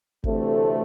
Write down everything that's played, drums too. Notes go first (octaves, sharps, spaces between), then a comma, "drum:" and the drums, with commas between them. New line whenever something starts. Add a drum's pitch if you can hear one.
D2 C3 E3 A3 C4, drum: kick G#1